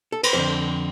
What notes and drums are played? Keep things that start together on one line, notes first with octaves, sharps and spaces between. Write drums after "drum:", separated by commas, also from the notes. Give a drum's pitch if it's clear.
A4
B4, drum: cymbal
F2 D3 C5